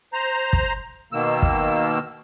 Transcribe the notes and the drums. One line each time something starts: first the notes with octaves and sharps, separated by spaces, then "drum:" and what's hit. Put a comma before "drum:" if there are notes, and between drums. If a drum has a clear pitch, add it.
C5 A#5
drum: kick
B2 D#3 A#3 E6
drum: kick